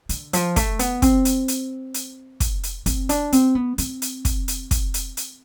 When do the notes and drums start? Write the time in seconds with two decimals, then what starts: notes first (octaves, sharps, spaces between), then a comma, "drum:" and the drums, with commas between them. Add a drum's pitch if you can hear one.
0.09 D3, drum: hi-hat
0.33 F3, drum: hi-hat
0.56 A3, drum: kick, hi-hat
0.79 B3, drum: hi-hat
1.02 C4, drum: kick, hi-hat
1.25 drum: hi-hat
1.48 drum: hi-hat
1.94 drum: hi-hat
2.40 drum: kick, hi-hat
2.63 drum: hi-hat
2.86 C4, drum: kick, hi-hat
3.09 D4, drum: hi-hat
3.32 C4, drum: hi-hat
3.55 B3
3.78 C4, drum: hi-hat
4.02 drum: hi-hat
4.25 drum: kick, hi-hat
4.48 drum: hi-hat
4.71 drum: kick, hi-hat
4.94 drum: hi-hat
5.17 drum: hi-hat